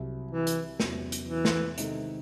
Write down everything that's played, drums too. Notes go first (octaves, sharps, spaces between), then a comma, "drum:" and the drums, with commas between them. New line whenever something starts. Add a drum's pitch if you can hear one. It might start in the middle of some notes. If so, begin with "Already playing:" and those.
Already playing: C2 C3 F#3
E3
drum: hi-hat
E2 C3 F#3 C#4, drum: snare
drum: hi-hat
E3
drum: snare
C3 D#3 G#3 D#4 A4, drum: hi-hat